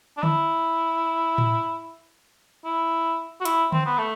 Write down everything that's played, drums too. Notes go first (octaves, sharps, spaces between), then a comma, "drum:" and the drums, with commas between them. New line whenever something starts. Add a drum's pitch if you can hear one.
D4
E4, drum: tom D3
drum: tom A2
E4
F#4
E4, drum: hi-hat
C4, drum: tom D3
B3
A3